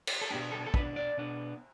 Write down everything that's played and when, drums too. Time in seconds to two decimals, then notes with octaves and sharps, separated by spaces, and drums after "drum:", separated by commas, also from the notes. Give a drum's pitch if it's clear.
0.07 drum: cymbal
0.21 A4
0.30 B2 B3 D4 G4
0.52 A4
0.66 A4
0.74 B2 B3 D4 B4, drum: kick
0.96 D5
1.17 B2 B3 D4